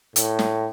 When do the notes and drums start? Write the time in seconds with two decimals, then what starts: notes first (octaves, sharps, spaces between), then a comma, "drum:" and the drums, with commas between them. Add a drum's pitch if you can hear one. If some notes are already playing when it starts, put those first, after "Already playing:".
0.16 A2, drum: hi-hat
0.39 drum: snare